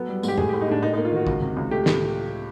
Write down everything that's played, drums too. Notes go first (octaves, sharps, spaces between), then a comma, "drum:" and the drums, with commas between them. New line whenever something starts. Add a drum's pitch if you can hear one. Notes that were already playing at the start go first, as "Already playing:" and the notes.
Already playing: F#3 B3 A4
G3
G#2, drum: tambourine
G4
A2 G#4, drum: tom
A2 G4
D#4
A2 D4
A#3 D#4
A#3 D#4
F4
D#3 F#4
C#2, drum: kick
C3
C#2
A3 G4
A2, drum: snare